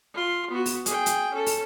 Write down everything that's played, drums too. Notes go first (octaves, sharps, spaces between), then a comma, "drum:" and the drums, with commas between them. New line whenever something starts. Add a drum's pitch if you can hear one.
F4 C6
B3 F#4
drum: open hi-hat
G#4 G5, drum: hi-hat
drum: hi-hat
C#4 A4
drum: open hi-hat